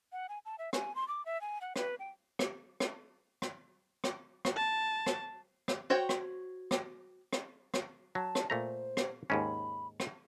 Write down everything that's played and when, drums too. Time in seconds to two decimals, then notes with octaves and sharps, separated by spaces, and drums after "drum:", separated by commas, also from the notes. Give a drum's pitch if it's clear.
0.12 F#5
0.29 G#5
0.45 A5
0.59 E5
0.73 G#5, drum: rim click
0.95 C6
1.08 D6
1.26 E5
1.41 G#5
1.61 F#5
1.76 B4, drum: rim click
1.99 G5
2.39 drum: rim click
2.80 drum: rim click
3.42 drum: rim click
4.04 drum: rim click
4.45 drum: rim click
4.55 A5
5.06 drum: rim click
5.68 drum: rim click
5.90 F#4 C5 C#5 G5
6.09 drum: rim click
6.71 drum: rim click
7.33 drum: rim click
7.74 drum: rim click
8.15 F#3 A5
8.35 drum: rim click
8.50 A#2 A3 C5 A#5
8.97 drum: rim click
9.30 D#2 G#2 C#4 B5
10.00 drum: rim click